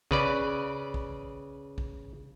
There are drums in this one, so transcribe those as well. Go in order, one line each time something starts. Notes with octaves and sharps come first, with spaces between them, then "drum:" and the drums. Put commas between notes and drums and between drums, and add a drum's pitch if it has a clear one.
C#3 B4 D5, drum: kick
drum: kick
drum: kick